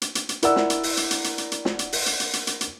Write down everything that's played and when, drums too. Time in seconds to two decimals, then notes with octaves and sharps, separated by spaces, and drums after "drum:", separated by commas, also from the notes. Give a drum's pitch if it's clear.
0.02 drum: hi-hat
0.15 drum: hi-hat
0.29 drum: hi-hat
0.42 E4 A#4 D5 F#5 E6, drum: hi-hat
0.56 drum: snare
0.70 drum: hi-hat
0.83 drum: open hi-hat
0.97 drum: hi-hat
1.11 drum: hi-hat
1.24 drum: hi-hat
1.38 drum: hi-hat
1.52 drum: hi-hat
1.65 drum: snare
1.79 drum: hi-hat
1.92 drum: open hi-hat
2.06 drum: hi-hat
2.20 drum: hi-hat
2.33 drum: hi-hat
2.47 drum: hi-hat
2.61 drum: hi-hat